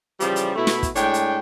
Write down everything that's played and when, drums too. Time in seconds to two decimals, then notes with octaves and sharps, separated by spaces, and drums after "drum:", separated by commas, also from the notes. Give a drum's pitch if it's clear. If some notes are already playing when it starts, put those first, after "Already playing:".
0.20 C#3 E3 F3 G3, drum: hi-hat
0.36 drum: hi-hat
0.56 B2 A3 E4
0.67 drum: snare
0.83 drum: kick, hi-hat
0.96 A2 G#3 D4 C#5 G5, drum: hi-hat
1.14 drum: hi-hat